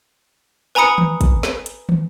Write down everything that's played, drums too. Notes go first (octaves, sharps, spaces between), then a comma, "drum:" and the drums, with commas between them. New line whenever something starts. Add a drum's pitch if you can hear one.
B4 G#5 A#5 B5 D#6 C#7
drum: tom
drum: kick, hi-hat
drum: snare
drum: hi-hat
drum: tom